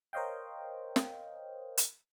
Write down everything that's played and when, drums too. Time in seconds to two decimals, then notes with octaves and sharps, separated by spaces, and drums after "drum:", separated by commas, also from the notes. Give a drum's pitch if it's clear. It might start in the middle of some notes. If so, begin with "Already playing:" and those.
0.13 A#4 C5 C#5 D#5 F5 G5
0.96 drum: snare
1.77 drum: hi-hat